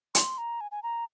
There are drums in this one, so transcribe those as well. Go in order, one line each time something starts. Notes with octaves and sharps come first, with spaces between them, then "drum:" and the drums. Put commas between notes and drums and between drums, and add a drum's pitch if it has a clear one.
C6, drum: hi-hat
A#5
G#5
G#5
A#5